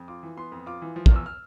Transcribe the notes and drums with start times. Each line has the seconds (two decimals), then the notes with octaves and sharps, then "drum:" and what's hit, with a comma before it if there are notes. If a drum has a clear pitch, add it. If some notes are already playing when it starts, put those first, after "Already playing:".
Already playing: F2
0.08 F4 D6
0.23 E3
0.37 B3 C6
0.52 F2
0.66 F4 D6
0.82 E3
0.96 F3
1.06 F6, drum: kick
1.11 E2 E6
1.26 F6